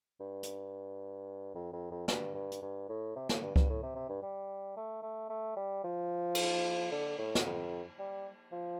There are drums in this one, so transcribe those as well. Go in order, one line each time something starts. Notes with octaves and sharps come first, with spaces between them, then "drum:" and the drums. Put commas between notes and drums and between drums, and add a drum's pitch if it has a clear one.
G2
drum: hi-hat
F2
F2
F2
G2, drum: snare
G2
drum: hi-hat
G2
A2
C3
A2, drum: snare
G2
G2, drum: kick C#2
A2
C3
C3
G2
G3
A3
A3
A3
G3
F3
drum: cymbal
D3
A2
drum: snare
F2
G3
F3